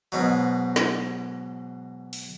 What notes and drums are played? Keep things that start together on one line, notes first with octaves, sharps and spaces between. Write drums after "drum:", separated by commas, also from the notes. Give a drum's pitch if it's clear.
G#2 B2 F#3
drum: snare
drum: open hi-hat